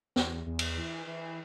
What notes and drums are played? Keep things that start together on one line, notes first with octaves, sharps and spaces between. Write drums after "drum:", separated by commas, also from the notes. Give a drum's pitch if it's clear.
E2, drum: snare B3
E2
drum: cymbal
E3
E3